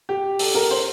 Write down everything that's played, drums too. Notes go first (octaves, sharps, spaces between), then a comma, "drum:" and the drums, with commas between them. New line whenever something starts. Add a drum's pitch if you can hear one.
G4
A4, drum: open hi-hat
A#4
C5